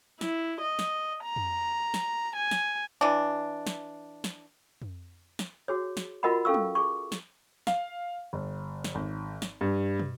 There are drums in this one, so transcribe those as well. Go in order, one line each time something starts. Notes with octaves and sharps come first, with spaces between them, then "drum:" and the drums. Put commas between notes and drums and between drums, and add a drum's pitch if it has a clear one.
E4, drum: snare
D#5
drum: snare
A#5
drum: tom F2
drum: snare
G#5
drum: snare
E3 D4
drum: snare
drum: snare
drum: tom F2
drum: snare
F#4 G#4 C#5
drum: snare
F4 F#4 A#4 D#5 F#5 B5
C#4 A4 F5 C#6 E6
drum: tom F#3
G#4 C#6
drum: snare
F5, drum: snare
G1
drum: snare
G#1
drum: snare
G2
drum: tom